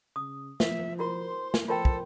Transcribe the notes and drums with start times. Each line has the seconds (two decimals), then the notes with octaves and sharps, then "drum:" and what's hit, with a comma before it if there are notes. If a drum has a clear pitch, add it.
0.16 C#3 D#6
0.60 F3 E5, drum: snare
0.99 E4 F#4 A#4 C5 C6
1.54 drum: snare
1.68 F3 F4 A4 A#4 C5 G5
1.85 drum: kick